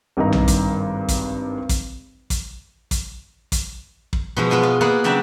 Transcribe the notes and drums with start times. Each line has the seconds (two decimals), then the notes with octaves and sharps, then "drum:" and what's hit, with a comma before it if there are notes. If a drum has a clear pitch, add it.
0.17 G#1 G2 D#3 D#5 A#5
0.32 drum: tom A#1
0.48 drum: kick, hi-hat
1.08 drum: kick, hi-hat
1.69 drum: kick, hi-hat
2.30 drum: kick, hi-hat
2.91 drum: kick, hi-hat
3.52 drum: kick, hi-hat
4.13 drum: kick
4.37 B2 F3 G#3
4.50 G#3 B3 F4 G#5
4.63 F4
4.81 A#3 B3 F4 G#4 D5 F#5
5.04 C#3 F#3 C4 D4 D5 E5